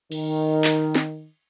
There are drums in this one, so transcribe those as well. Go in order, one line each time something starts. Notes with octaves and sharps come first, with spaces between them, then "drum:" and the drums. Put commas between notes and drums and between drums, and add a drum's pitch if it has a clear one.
D#3, drum: cymbal
drum: clap
drum: snare